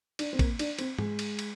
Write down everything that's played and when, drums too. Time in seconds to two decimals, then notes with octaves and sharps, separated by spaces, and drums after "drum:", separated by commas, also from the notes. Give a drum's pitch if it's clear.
0.19 D4, drum: cymbal
0.33 C4
0.39 A#3, drum: kick, cymbal
0.59 D4, drum: cymbal
0.78 C4, drum: cymbal
0.99 G#3, drum: tom G#2
1.19 drum: cymbal
1.39 drum: cymbal